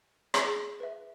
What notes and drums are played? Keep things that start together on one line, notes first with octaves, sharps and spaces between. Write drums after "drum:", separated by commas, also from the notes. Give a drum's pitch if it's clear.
G#4, drum: rim click
B4 E5